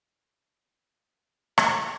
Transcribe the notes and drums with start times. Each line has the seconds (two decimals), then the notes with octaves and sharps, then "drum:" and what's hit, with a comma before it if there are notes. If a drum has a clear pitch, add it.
1.58 B2 A#4 F5 A#5, drum: rim click